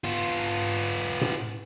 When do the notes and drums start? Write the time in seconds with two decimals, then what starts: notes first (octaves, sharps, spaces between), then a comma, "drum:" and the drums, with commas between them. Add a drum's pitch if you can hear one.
0.04 B3 F4
1.21 drum: tom A2